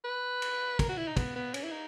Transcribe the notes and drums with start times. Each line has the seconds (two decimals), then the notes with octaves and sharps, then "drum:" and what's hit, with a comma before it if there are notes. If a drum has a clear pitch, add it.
0.04 B4
0.42 drum: cymbal
0.79 A#4, drum: kick, cymbal
0.89 F#4
0.97 E4
1.08 D#4
1.17 B3, drum: kick, cymbal
1.36 B3
1.54 C#4, drum: cymbal
1.64 E4
1.72 D#4